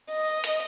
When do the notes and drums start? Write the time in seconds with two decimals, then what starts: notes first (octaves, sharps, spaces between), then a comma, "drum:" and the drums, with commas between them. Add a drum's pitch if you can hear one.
0.10 D#5
0.44 drum: hi-hat